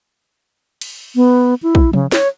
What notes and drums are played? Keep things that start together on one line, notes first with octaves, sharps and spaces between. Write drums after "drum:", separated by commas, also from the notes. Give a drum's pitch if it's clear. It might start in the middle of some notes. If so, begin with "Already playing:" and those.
drum: cymbal
B3
E4
drum: kick
C#3, drum: tom F3
C#5, drum: snare